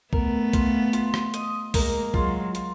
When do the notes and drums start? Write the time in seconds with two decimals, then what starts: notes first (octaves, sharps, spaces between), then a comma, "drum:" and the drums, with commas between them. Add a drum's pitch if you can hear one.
0.13 A3 B3 A#4, drum: kick
0.53 F4, drum: kick, hi-hat
0.93 F4, drum: hi-hat
1.14 drum: rim click
1.34 D#5, drum: hi-hat
1.74 G#3 A#3 A#4, drum: kick, open hi-hat
2.14 F#3 G#3 F4, drum: kick
2.55 F4, drum: hi-hat